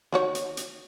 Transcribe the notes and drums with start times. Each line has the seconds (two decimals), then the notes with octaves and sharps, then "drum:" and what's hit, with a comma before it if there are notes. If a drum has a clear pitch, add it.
0.12 D#3 F#4 C#5, drum: snare
0.35 drum: hi-hat
0.57 drum: hi-hat